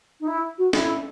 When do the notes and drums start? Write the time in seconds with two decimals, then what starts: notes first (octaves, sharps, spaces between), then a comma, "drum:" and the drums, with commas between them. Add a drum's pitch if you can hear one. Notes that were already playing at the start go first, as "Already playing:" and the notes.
0.20 D#4
0.27 E4
0.58 F#4
0.73 E4, drum: snare